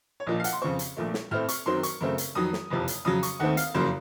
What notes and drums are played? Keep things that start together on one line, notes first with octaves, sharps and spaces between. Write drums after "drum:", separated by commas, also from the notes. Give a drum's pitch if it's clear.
C#5
A#1 A#2 F3 D#5
F5
F#5, drum: hi-hat
C6
F2 C#3 F3 C4 C#6
drum: hi-hat
A#1 A#2 A3
drum: snare
A2 A3 C4 F6
C#6, drum: hi-hat
F#2 D#3 F#3 C4 C6
C#6, drum: hi-hat
F#2 C#3 A3 C4
drum: hi-hat
F2 D#3 F#3 D#6
drum: snare
F#1 F2 C3 F3
drum: hi-hat
F2 C#3 F#3 D#6
C#6, drum: hi-hat
D#2 D#3 A3 C4 F#5
F5, drum: hi-hat
F#1 F2 C#3 F#3 A#3 C5